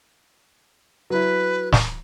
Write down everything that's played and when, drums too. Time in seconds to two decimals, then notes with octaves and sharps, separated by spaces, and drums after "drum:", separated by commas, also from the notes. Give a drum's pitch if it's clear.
1.10 F#3 E4 B4
1.73 drum: snare